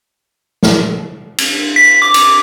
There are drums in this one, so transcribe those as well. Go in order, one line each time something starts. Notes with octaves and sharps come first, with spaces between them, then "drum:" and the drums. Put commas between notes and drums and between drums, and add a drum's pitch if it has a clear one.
drum: snare
drum: cymbal
B6
D6
drum: cymbal